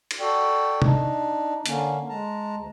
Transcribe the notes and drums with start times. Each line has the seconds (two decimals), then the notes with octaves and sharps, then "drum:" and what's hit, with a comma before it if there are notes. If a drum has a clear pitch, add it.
0.11 drum: cymbal
0.20 F#4 A4 D5 G5
0.82 D4 D#4, drum: tom
1.66 D3 A#3 C#4, drum: hi-hat
2.09 G#3 A5 A#5
2.57 D2